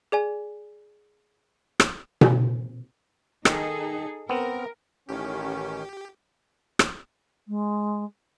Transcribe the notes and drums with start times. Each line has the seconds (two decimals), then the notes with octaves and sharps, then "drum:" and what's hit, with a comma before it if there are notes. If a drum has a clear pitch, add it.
0.12 G#4 D5 G#5
1.80 drum: rim click
2.21 drum: tom B2
3.45 D#3 D#4 G#4 A4, drum: rim click
4.29 B3 C4 A#4
5.09 A1 D#3 C#4 G4
6.79 drum: rim click
7.48 G#3